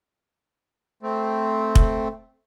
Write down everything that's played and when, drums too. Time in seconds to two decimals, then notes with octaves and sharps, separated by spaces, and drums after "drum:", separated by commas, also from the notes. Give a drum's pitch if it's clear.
1.03 A3 C4
1.75 drum: kick